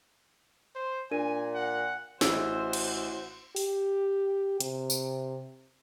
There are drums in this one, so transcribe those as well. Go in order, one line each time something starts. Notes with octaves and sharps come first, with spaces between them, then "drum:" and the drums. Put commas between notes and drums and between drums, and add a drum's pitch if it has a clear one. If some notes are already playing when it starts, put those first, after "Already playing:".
C5
A#2 D4 A#4 G#5 D#7
F#5
A1 E4 F#4 C5 E6, drum: snare
drum: cymbal
G4, drum: open hi-hat
C3, drum: hi-hat
drum: tambourine